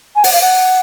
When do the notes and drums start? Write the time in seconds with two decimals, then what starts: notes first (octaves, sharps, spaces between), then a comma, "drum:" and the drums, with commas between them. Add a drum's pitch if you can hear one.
0.16 G#5
0.24 F#5, drum: open hi-hat
0.33 F5
0.42 F#5